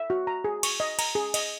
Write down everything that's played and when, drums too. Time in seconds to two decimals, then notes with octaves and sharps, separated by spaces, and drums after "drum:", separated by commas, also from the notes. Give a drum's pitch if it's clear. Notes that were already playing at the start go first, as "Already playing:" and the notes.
Already playing: E5
0.10 F#4
0.27 A#5
0.44 G#4
0.63 C#6, drum: cymbal
0.80 D#5
0.99 A#5, drum: cymbal
1.15 G#4
1.34 D#5, drum: cymbal